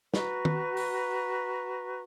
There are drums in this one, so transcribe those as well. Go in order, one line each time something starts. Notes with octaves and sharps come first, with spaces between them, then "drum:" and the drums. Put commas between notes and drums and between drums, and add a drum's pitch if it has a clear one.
F#4 B4 A#5 C#6, drum: snare
drum: tom
drum: open hi-hat